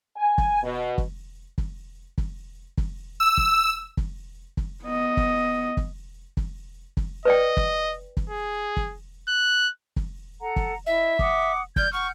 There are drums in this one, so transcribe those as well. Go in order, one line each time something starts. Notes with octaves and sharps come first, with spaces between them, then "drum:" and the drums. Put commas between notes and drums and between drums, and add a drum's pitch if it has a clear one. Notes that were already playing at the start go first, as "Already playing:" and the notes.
G#5
drum: kick
B2
drum: kick
drum: kick
drum: kick
drum: kick
E6
drum: kick
drum: kick
drum: kick
B3 D#5
drum: kick
drum: kick
drum: kick
drum: kick
B4 D5 D#5 G5
drum: kick
drum: kick
G#4
drum: kick
F#6
drum: kick
A4 F#5 A#5
drum: kick
E4 D#5 E5
F#5 D6 D#6, drum: kick
D5 F6 G6 G#6, drum: kick
F#5 C#6 F6 G6